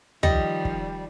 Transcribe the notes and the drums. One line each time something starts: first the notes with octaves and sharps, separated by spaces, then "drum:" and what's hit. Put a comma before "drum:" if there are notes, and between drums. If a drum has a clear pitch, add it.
D#3 F3 G3 D#5, drum: tom
drum: kick